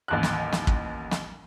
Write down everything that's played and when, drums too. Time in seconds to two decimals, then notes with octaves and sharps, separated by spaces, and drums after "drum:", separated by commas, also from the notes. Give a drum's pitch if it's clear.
0.08 A1 D#2 F#6
0.23 drum: snare
0.52 drum: snare
0.67 drum: kick
1.11 drum: snare